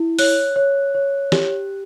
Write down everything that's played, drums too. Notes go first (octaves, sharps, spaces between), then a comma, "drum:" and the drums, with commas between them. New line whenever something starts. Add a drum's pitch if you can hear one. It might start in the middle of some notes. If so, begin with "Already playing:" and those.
Already playing: E4
C#5 F#6, drum: open hi-hat
C#5
C#5
G4, drum: snare